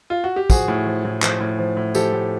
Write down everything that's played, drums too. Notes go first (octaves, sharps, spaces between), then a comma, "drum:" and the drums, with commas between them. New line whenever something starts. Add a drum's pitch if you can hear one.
F4
F#4
G4
F3 F#4 G#4, drum: kick, tambourine
A2
F3
A2
F3, drum: clap
A2
F3
A2
F3 G4 A4, drum: tambourine
A2